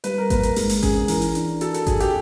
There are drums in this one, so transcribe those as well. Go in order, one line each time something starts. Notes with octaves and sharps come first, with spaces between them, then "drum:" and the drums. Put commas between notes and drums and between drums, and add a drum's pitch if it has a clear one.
G3 B4, drum: hi-hat
A#4
A#3 B4, drum: kick G#1, hi-hat
A#4, drum: hi-hat
G#3 A#4, drum: open hi-hat
drum: open hi-hat
C#4 G#4, drum: kick G#1, hi-hat
E3 A#4, drum: open hi-hat
drum: hi-hat
D4, drum: hi-hat
F#4 A4, drum: hi-hat
A4, drum: hi-hat
F#4 G#4, drum: kick G#1, hi-hat
G4, drum: hi-hat